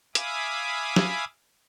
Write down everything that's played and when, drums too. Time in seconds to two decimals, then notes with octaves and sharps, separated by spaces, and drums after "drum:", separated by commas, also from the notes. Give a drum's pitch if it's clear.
0.15 E5 F5 G#5 B5 D6 D#6, drum: hi-hat
0.96 drum: snare